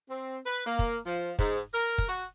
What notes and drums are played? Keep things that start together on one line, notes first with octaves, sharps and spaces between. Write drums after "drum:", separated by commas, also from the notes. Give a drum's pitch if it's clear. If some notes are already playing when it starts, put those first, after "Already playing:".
C4
B4
A#3
drum: kick
F3
G#2, drum: kick
A#4
drum: kick
F#4